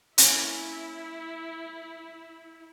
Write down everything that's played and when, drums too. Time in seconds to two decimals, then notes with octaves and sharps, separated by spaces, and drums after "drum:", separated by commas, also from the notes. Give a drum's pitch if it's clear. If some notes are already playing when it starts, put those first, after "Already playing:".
0.18 A#3 C#4 E4, drum: hi-hat